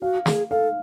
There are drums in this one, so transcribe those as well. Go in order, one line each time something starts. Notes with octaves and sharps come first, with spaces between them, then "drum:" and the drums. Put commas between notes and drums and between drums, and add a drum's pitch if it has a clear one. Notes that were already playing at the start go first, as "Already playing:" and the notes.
F#4 F5
G#4, drum: snare
A4 F5